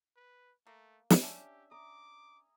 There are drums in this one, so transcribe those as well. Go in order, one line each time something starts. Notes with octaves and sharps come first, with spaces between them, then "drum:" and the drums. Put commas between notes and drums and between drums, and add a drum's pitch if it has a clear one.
B4
A3 A#3
drum: snare
C#4 D4 G4 E5 G#5
A#5 D6 D#6